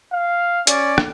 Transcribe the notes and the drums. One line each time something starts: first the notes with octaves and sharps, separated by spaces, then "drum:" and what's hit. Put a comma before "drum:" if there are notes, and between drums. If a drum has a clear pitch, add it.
F5
C#4 D5, drum: hi-hat
drum: rim click